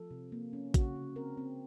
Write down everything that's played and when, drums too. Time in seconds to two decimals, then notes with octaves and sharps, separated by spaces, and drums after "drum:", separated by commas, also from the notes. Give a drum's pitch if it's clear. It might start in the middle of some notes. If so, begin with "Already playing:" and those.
Already playing: F3 A4
0.11 C3
0.32 A#3
0.53 C#4
0.74 C#3 F#4, drum: kick, hi-hat
0.95 C#3
1.16 C4 A#4
1.37 C4